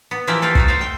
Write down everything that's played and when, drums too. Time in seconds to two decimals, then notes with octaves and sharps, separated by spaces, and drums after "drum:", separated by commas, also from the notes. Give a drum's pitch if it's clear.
0.11 B3
0.27 E3 F3 A#3 E4 G4 E5
0.42 A4 B4 F5 G5
0.55 A3 D#4 F#4, drum: kick
0.68 C4 F#4 C5 E5 F5
0.81 G5